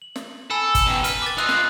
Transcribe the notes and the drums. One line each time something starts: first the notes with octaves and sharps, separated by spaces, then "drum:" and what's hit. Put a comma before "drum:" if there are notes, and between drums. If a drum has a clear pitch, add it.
F#7
drum: snare
A4 G#5 B5 E6
drum: kick G1, hi-hat
B2 D#3
B4 F6, drum: hi-hat
D6 A6
D#4 F4 D#6 E6 F#6
drum: snare